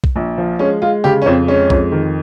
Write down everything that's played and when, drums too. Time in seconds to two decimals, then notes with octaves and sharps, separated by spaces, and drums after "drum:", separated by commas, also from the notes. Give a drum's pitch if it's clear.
0.04 drum: kick B1
0.16 A#1
0.38 F3
0.59 G#3 C#4
0.82 G#3 F4
1.04 C#3 G4
1.22 C#4
1.26 F2 C4
1.48 G#3 C#4
1.70 F2, drum: kick B1
1.92 D#3